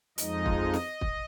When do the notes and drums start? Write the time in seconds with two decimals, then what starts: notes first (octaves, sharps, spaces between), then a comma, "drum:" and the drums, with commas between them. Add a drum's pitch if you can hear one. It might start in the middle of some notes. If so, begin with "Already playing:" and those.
0.18 F2 F3 G#3 D#4 D#5, drum: hi-hat
0.46 drum: kick
0.74 drum: snare
1.01 drum: kick